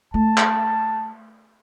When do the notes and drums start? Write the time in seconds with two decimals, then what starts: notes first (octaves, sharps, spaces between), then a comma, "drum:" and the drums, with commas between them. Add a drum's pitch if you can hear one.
0.14 A3 A5
0.38 drum: clap